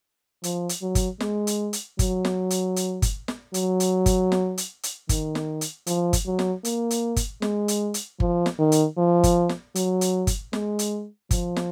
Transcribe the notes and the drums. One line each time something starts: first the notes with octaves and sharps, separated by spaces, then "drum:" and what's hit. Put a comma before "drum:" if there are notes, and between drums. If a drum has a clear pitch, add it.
F3, drum: hi-hat
drum: hi-hat
F#3
drum: kick G1, hi-hat
G#3, drum: snare
drum: hi-hat
drum: hi-hat
F#3, drum: kick G1, hi-hat
drum: snare
drum: hi-hat
drum: hi-hat
drum: kick G1, hi-hat
drum: snare
F#3, drum: hi-hat
drum: hi-hat
drum: kick G1, hi-hat
drum: snare
drum: hi-hat
drum: hi-hat
D#3, drum: kick G1, hi-hat
drum: snare
drum: hi-hat
F3, drum: hi-hat
drum: kick G1, hi-hat
F#3
drum: snare
A#3, drum: hi-hat
drum: hi-hat
drum: kick G1, hi-hat
G#3, drum: snare
drum: hi-hat
drum: hi-hat
F3, drum: kick G1
drum: snare
D#3
drum: hi-hat
F3
drum: kick G1, hi-hat
drum: snare
F#3, drum: hi-hat
drum: hi-hat
drum: kick G1, hi-hat
G#3, drum: snare
drum: hi-hat
F3, drum: kick G1, hi-hat
drum: snare